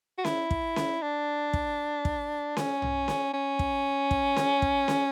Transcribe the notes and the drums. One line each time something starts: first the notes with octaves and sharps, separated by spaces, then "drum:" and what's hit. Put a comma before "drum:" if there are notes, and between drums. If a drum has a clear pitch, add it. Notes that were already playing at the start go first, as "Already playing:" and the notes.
F#4
E4, drum: snare C#4
drum: kick
drum: snare C#4
D4
drum: kick
drum: kick
C#4, drum: snare C#4
drum: tom
drum: snare C#4
C#4
drum: kick
drum: kick
drum: snare C#4
drum: kick
drum: snare C#4